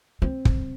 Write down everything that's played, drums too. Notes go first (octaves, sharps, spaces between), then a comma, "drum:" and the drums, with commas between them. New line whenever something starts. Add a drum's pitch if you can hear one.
C4
drum: kick